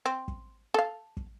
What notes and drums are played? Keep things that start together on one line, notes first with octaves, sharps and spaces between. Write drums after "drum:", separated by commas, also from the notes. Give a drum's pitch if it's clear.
C4
drum: kick
A4 F5
drum: kick